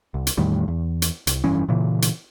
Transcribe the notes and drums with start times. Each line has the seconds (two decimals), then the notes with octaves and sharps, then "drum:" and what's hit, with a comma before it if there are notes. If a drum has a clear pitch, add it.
0.14 C2
0.27 drum: hi-hat
0.37 E2 A2 D#3 G3
0.68 E2
1.02 drum: hi-hat
1.27 C2, drum: hi-hat
1.44 F1 G2 E3 C#4
1.69 A#2 C#3 E3
2.02 drum: hi-hat